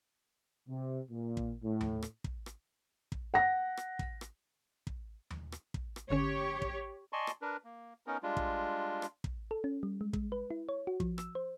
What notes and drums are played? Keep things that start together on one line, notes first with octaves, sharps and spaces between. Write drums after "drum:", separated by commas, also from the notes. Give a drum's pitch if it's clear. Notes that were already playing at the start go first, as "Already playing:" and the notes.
C3
A#2
drum: kick
A2
drum: tom D#2
drum: rim click
drum: kick
drum: rim click
drum: kick
F#5 A#6
drum: rim click
drum: kick
drum: rim click
drum: kick
drum: tom D#2
drum: rim click
drum: kick
drum: rim click
G#1 D3 C#4 G4 C#5
drum: kick
D5 D#5 G#5 A5 C6 C#6
drum: rim click
D4 A#4 B4
A#3
B3 C#4 D#4 A#4
G3 G#3 D4 F4
drum: kick
drum: rim click
drum: kick
A4
C#4
G3
G#3
G#3, drum: kick
B4
E4
C#5
F#4
F3, drum: kick
E6, drum: rim click
C5